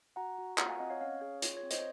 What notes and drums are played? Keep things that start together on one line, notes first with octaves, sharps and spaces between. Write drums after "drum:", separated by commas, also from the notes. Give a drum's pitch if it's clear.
F#4 F#5 A#5
F#4
F4 F#5 A#5, drum: clap
F5 G#5
C4 D#5 F#5
C#5 F5
C#4 C#5 F5
G#4 C#5
F4 C#5, drum: hi-hat
C#5
C4
C5 D#5, drum: hi-hat